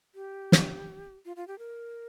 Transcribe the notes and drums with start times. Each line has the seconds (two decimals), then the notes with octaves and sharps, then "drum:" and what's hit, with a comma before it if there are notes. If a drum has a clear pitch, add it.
0.15 G4
0.52 drum: snare
1.25 F4
1.36 F4
1.48 G4
1.59 A#4